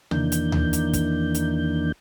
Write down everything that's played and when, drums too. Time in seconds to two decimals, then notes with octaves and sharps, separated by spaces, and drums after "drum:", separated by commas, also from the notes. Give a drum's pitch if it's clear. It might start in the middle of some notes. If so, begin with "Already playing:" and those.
0.11 E2 D#3 E3 A#3 D4 G6, drum: tom C3
0.32 drum: hi-hat
0.52 drum: tom D2
0.73 drum: hi-hat
0.93 drum: kick, hi-hat
1.34 drum: hi-hat